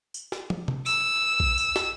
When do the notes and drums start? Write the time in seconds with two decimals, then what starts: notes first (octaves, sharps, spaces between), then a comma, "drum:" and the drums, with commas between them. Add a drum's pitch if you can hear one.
0.14 drum: tambourine
0.32 drum: snare
0.50 drum: tom
0.68 drum: tom C3
0.86 E6, drum: tambourine
1.40 drum: kick A#1
1.58 drum: tambourine
1.76 drum: snare